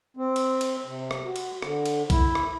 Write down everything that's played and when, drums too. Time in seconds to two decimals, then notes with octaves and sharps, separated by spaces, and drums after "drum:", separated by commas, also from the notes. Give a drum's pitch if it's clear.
0.17 C4
0.36 drum: cymbal
0.61 drum: cymbal
0.86 C3
1.11 drum: rim click
1.25 F#4
1.36 drum: cymbal
1.62 D3, drum: rim click
1.86 drum: cymbal
2.10 E4, drum: kick B1, cymbal
2.35 drum: rim click